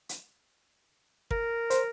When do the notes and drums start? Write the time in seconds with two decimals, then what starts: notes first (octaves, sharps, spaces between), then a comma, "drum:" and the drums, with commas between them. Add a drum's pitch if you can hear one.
0.09 drum: hi-hat
1.31 A#4, drum: kick
1.70 C5, drum: hi-hat